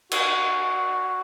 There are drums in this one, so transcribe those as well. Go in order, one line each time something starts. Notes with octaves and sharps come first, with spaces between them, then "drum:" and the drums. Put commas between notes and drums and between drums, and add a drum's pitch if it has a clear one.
F#4, drum: cymbal